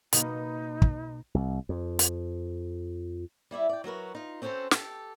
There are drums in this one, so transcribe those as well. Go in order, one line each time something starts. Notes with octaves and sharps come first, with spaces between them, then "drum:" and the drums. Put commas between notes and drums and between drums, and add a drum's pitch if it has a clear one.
B2 A#3 B3 D#4, drum: hi-hat
drum: kick
C2
F2
drum: hi-hat
G3 E4 D5 E5
D5 G5
F#3 F#4 A#4 B4
D#4 F4
C4 C#4 F#4 G4 A4 C5
G4 A4, drum: snare